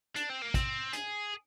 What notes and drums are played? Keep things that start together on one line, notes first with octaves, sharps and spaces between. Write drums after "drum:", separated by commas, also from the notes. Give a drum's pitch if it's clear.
D4, drum: hi-hat
C4
A#3
C4, drum: kick, hi-hat
G#4, drum: hi-hat